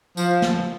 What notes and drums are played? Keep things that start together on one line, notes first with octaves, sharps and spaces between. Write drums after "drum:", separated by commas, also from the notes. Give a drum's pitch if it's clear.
F3, drum: tambourine
drum: snare